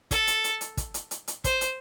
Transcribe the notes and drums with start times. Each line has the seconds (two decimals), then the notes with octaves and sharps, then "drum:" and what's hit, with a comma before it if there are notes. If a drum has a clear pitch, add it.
0.11 A4, drum: kick, hi-hat
0.27 drum: hi-hat
0.44 drum: hi-hat
0.61 drum: hi-hat
0.77 drum: kick, hi-hat
0.94 drum: hi-hat
1.11 drum: hi-hat
1.28 drum: hi-hat
1.44 C5, drum: kick, hi-hat
1.61 drum: hi-hat